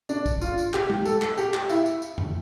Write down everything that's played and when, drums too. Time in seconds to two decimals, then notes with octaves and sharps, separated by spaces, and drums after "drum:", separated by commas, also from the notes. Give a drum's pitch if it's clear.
0.09 D4, drum: tambourine
0.26 drum: kick, tambourine
0.41 F4, drum: tambourine
0.58 drum: tambourine
0.74 G4, drum: clap
0.90 drum: tom G#3
1.05 A4, drum: tambourine
1.22 drum: clap
1.37 G4, drum: tambourine
1.54 drum: clap
1.69 E4, drum: tambourine
1.86 drum: tambourine
2.02 drum: tambourine
2.18 drum: tom F2